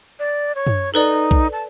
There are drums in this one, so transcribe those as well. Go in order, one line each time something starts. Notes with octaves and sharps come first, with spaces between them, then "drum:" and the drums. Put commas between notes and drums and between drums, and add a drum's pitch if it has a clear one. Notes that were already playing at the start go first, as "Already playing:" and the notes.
D5
C#5
drum: tom F#2
D#4 A4 B4 D5
drum: kick B1
A5